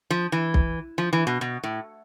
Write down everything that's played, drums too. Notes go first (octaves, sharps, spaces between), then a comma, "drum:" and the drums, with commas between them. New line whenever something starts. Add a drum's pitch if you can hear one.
F3
E3
drum: kick B1
F3
E3
B2
B2
A2